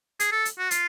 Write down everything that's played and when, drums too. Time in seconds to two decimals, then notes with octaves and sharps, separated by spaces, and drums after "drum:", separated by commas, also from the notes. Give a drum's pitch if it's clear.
0.20 G#4, drum: hi-hat
0.32 A4
0.45 drum: hi-hat
0.58 F#4
0.71 F4, drum: hi-hat